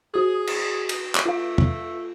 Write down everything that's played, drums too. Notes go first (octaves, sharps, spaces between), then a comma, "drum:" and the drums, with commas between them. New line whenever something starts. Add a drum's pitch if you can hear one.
F#4 G#4 D#6
drum: cymbal
drum: cymbal
drum: clap
A3 F4 F5
drum: tom E2